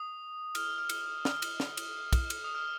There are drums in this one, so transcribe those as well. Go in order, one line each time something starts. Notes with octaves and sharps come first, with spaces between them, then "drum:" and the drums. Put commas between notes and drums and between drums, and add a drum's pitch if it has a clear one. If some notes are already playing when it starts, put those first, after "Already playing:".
Already playing: D#6
F6, drum: cymbal
F6
drum: cymbal
F6
F6, drum: snare
drum: cymbal
drum: snare
drum: cymbal
drum: kick, cymbal
drum: cymbal
D#6
F6